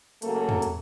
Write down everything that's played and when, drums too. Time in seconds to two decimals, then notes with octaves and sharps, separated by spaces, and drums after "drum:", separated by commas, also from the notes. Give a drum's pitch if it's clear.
0.22 C#3 F#3 A3 A#3, drum: hi-hat
0.49 drum: tom
0.62 drum: hi-hat